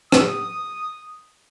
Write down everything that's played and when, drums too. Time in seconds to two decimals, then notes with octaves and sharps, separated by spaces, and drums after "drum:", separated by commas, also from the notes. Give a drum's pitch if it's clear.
0.12 D#6, drum: rim click